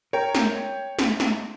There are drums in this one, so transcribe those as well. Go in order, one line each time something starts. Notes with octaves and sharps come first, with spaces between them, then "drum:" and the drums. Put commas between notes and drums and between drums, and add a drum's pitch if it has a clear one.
A#4 C#5 G5
drum: snare
drum: snare
drum: snare